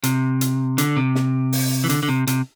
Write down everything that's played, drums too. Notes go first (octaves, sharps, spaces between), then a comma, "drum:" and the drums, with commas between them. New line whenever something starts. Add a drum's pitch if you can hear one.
C3, drum: hi-hat
drum: hi-hat
D3, drum: hi-hat
C3
drum: snare
drum: open hi-hat
E3
D3, drum: hi-hat
D3
C3
C3, drum: hi-hat